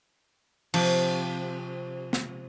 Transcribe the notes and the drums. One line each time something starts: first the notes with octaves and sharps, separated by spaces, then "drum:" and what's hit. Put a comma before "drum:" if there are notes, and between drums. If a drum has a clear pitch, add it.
C3 F3, drum: cymbal
drum: snare